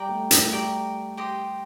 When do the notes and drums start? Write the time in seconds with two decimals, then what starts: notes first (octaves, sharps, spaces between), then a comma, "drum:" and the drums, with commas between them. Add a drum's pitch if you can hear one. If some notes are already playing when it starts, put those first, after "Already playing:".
Already playing: G3 D5 G5 A#5
0.09 A3
0.31 A3, drum: hi-hat
0.52 G3 D5 G5 A#5
1.17 G4 C5 D#5